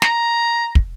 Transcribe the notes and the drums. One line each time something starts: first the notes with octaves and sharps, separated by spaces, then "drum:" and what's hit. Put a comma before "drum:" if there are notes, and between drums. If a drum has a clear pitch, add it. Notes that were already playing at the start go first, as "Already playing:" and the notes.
A#5, drum: snare
drum: kick